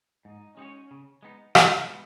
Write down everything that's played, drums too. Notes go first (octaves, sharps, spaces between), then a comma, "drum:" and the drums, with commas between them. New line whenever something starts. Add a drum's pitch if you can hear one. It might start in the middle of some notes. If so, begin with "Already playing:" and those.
G#2 D#4
G#3 C#4 D#4 F#4 C#5
C#3
G#3 B3 D#4
C#3, drum: rim click
G#3 B3 D#4